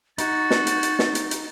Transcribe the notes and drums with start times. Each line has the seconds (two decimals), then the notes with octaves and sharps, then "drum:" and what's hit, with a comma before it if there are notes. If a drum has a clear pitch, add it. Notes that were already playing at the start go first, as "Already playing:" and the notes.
0.18 D#4 F#4 A6, drum: hi-hat
0.51 drum: snare
0.67 drum: hi-hat
0.83 drum: hi-hat
0.99 drum: snare
1.15 drum: hi-hat
1.31 drum: hi-hat